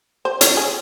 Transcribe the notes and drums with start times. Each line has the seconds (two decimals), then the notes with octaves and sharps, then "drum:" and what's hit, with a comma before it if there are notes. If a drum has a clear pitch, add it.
0.25 C5
0.41 C#5, drum: hi-hat
0.57 G#4